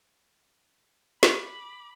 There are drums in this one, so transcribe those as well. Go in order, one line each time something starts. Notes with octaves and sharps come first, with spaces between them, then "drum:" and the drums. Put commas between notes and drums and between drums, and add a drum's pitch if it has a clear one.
B5 D6, drum: snare